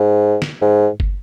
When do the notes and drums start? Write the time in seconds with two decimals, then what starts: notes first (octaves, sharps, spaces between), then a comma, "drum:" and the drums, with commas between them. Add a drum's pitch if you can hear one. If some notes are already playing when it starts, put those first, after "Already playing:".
Already playing: G#2
0.42 drum: snare
0.62 G#2
1.00 drum: kick